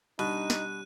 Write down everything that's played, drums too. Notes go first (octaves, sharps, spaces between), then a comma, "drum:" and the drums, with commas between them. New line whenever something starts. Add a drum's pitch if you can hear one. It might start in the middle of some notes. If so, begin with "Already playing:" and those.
B2 G3 D4 D#4 F#6 D#7, drum: cymbal
drum: snare